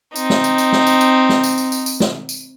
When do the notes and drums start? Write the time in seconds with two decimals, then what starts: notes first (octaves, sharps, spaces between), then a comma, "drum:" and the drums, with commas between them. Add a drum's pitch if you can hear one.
0.16 C4 D#4, drum: tambourine
0.30 drum: snare
0.44 drum: tambourine
0.58 drum: tambourine
0.72 drum: snare
0.87 drum: tambourine
1.01 drum: tambourine
1.29 drum: snare
1.44 drum: tambourine
1.58 drum: tambourine
1.72 drum: tambourine
1.86 drum: tambourine
2.00 drum: snare
2.29 drum: tambourine